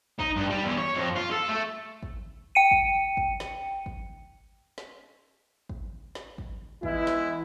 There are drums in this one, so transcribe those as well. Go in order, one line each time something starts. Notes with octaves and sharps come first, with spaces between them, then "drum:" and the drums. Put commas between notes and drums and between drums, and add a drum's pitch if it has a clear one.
D#4, drum: kick
G2
G3
E2
C#5
F2
F4
A4
A3
drum: kick
G5 C#7 D#7
drum: kick
drum: kick
drum: snare
drum: kick
drum: snare
drum: kick
drum: snare
drum: kick
E3 G#3 B3 E4, drum: kick
drum: snare